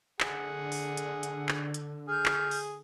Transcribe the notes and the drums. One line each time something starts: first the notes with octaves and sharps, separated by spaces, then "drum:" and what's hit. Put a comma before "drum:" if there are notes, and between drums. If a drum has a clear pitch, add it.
D3 G#4 F#5, drum: clap
drum: open hi-hat
drum: hi-hat
drum: hi-hat
drum: clap
drum: hi-hat
G#4 F6 G6
drum: clap
drum: open hi-hat